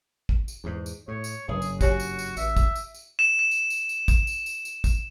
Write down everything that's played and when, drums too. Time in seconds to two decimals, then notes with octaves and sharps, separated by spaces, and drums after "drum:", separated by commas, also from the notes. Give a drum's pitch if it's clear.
0.29 drum: kick
0.48 drum: tambourine
0.64 E2 G#2
0.86 drum: tambourine
1.08 A2 C#5
1.24 drum: tambourine
1.48 F#1 G2 G#4
1.62 drum: tambourine
1.81 F#4 G4 C#5 G#5, drum: kick, tambourine
2.00 drum: tambourine
2.19 drum: tambourine
2.37 A1 E5, drum: tambourine
2.57 drum: kick, tambourine
2.75 drum: tambourine
2.94 drum: tambourine
3.19 E7
3.39 E7
3.51 drum: tambourine
3.70 drum: tambourine
3.89 drum: tambourine
4.08 drum: kick, tambourine
4.27 drum: tambourine
4.46 drum: tambourine
4.65 drum: tambourine
4.84 drum: kick, tambourine